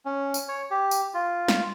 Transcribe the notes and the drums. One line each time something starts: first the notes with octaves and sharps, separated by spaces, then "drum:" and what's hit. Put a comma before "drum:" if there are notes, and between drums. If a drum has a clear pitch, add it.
C#4
drum: tambourine
C#5
G4
drum: tambourine
F4
drum: snare